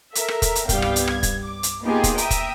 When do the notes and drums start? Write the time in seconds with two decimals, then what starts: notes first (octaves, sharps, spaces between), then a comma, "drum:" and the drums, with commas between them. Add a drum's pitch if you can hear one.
0.15 A4 A#4 E5, drum: hi-hat
0.28 drum: rim click
0.42 drum: kick, hi-hat
0.55 drum: hi-hat
0.69 C2 G2 G3 B3 F5 G5, drum: kick, hi-hat
0.82 drum: rim click
0.96 drum: hi-hat
1.08 G#6, drum: rim click
1.23 drum: kick, hi-hat
1.43 D6
1.63 drum: hi-hat
1.83 A#3 B3 D#4 F4 G4 G#4
2.04 drum: kick, hi-hat
2.18 E5 G5 A#5 D#6, drum: hi-hat
2.30 drum: kick, hi-hat